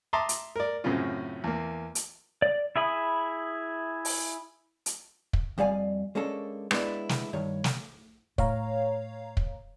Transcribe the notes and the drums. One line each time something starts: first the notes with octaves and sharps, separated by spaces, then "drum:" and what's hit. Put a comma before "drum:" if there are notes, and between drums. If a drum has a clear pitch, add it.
E5 A5 A#5 C6 D6 D#6
drum: hi-hat
A#4 D5
F#2 A2 C#3 C4 C#4 F4
E2 A#3
drum: hi-hat
D5
E4 G#4 E5 B5 D#6
drum: open hi-hat
drum: hi-hat
drum: kick
F2 G3 D5 F5 G#5
G#3 A#3 C#4 D4 A4
G#3 B3 D4 E4, drum: rim click
drum: snare
G2 D#3 C#5
drum: snare
A2 C#5 F5 A#5, drum: kick
drum: kick